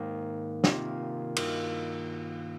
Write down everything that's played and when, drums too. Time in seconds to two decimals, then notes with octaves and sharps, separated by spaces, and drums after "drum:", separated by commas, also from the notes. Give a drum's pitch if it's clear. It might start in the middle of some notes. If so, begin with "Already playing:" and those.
Already playing: G#2 D#3 A#3
0.64 C3 D#3 A#3 F4, drum: snare
1.36 G2 D#3 A#3 F4, drum: cymbal